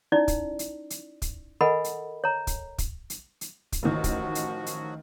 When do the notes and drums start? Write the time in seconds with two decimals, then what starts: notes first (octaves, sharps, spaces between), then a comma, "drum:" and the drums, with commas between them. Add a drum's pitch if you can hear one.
0.12 C#4 D#4 E4 D5
0.28 drum: kick, hi-hat
0.59 drum: hi-hat
0.90 drum: hi-hat
1.22 drum: kick, hi-hat
1.61 A4 A#4 D#5 F#5 G#5 B5
1.84 drum: hi-hat
2.24 C#5 A#5
2.47 drum: kick, hi-hat
2.78 drum: kick, hi-hat
3.10 drum: hi-hat
3.41 drum: hi-hat
3.72 drum: kick, hi-hat
3.83 A1 D#3 F3 F#3 F#4
4.04 drum: kick, hi-hat
4.35 drum: hi-hat
4.66 drum: hi-hat